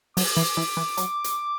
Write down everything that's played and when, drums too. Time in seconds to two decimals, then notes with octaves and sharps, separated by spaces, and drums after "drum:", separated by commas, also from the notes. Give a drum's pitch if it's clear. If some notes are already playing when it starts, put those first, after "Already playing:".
0.17 F#3 D6, drum: open hi-hat
0.37 E3
0.57 E3
0.77 E3
0.97 F#3, drum: hi-hat
1.24 drum: hi-hat